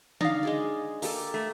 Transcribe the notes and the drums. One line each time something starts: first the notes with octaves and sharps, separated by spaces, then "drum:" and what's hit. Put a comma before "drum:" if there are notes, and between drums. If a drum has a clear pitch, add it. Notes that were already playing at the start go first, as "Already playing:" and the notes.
D4 D#4 F5, drum: tom D3
G#3 G#4 D5
A#3 G4 A4, drum: open hi-hat
A3